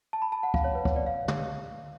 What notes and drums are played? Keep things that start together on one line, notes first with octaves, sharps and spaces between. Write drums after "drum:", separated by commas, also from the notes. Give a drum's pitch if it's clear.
A5
B5
A5
F#5
F5, drum: kick
C#5
B4
C#5, drum: kick
D5
F5
drum: tom